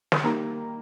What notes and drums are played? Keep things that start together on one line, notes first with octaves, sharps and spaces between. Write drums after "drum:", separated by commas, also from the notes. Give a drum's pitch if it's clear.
drum: snare
D#3 G3 A#3 A#5